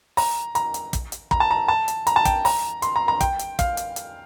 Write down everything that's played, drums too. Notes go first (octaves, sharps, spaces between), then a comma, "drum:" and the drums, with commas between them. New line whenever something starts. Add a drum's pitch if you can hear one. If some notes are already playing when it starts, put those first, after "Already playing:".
A#5, drum: open hi-hat
A#5, drum: hi-hat
drum: hi-hat
drum: kick, hi-hat
drum: hi-hat
A#5, drum: kick
A5
A#5
A5
drum: hi-hat
A#5, drum: hi-hat
A5
G5, drum: kick, hi-hat
A#5, drum: open hi-hat
C6, drum: hi-hat
A#5
A#5
G5, drum: kick, hi-hat
drum: hi-hat
F5, drum: kick, hi-hat
drum: hi-hat
drum: hi-hat